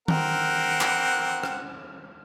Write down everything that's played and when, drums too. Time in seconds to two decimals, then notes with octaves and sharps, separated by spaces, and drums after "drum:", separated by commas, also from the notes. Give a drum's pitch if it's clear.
0.08 C4 A#4 F#5, drum: tom D#3
0.81 drum: clap
1.43 drum: rim click